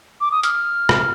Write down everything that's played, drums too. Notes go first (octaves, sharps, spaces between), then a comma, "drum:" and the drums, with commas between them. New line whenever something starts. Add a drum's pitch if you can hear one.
D6
D#6
F6, drum: hi-hat
drum: rim click